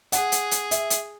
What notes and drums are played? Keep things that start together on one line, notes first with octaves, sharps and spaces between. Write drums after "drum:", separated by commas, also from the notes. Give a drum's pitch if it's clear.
G#4 F#5, drum: hi-hat
drum: hi-hat
drum: hi-hat
E5, drum: hi-hat
drum: hi-hat